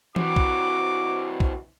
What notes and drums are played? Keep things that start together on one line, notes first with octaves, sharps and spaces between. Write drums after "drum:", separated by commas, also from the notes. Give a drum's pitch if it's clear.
C3 E3 F#4 D6, drum: tom E3
drum: kick
drum: kick